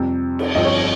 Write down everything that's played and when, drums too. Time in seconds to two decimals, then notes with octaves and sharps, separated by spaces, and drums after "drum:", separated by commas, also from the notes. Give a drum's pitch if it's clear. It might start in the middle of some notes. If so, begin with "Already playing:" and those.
Already playing: F2 C3 G3 C4
0.39 drum: cymbal
0.55 G1 G2 F3 C4 D#5
0.65 C#5